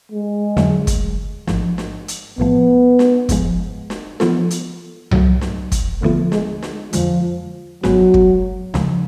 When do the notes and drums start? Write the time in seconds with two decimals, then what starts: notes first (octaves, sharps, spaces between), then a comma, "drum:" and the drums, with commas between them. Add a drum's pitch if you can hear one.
0.12 G#3
0.57 F2 D3 F#3 A3, drum: snare
0.87 drum: kick, hi-hat
1.47 A1 G#2 F3, drum: snare
1.78 drum: snare
2.08 drum: hi-hat
2.38 B1 A2 F3 A3 B3
2.99 drum: snare
3.29 G#1 G#2 F3 G#3, drum: kick, hi-hat
3.90 drum: snare
4.20 F3 B3 F4 A4, drum: snare
4.51 drum: hi-hat
5.11 G#2 F#3 A3, drum: tom C2
5.41 drum: snare
5.72 drum: kick, hi-hat
6.02 D2 D3 F3 A3 B3 F4
6.32 G#3, drum: snare
6.63 drum: snare
6.93 F2 D3 F3 G#3, drum: hi-hat
7.83 G#1 G#2 F#3 G#3 B3 F#4, drum: snare
8.14 drum: kick
8.74 D2 C#3 F3 G#3, drum: snare